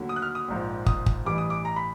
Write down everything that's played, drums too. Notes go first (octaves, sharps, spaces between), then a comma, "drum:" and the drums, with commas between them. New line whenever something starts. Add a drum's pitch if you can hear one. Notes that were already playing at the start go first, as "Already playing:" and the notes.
Already playing: D#2 D3 F#3 A3
D#6
F#6
F6
D#6
A#1 G#2 F3
D#6, drum: kick
drum: kick
A1 G2 E3 G3 D6
D#6
D6
A#5
B5